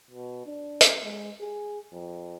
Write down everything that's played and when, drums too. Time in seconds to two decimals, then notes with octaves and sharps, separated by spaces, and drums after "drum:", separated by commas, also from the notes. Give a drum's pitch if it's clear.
0.11 B2
0.46 D4
0.81 drum: hi-hat
1.04 G#3
1.41 G#4
1.93 F2